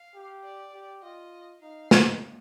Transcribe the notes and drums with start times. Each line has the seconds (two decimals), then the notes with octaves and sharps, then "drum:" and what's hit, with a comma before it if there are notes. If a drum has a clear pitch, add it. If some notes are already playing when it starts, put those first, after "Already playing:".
Already playing: F5
0.14 G4
0.44 D5
0.73 G4
1.02 F4 D#5
1.61 D#4 F5
1.91 D#4, drum: snare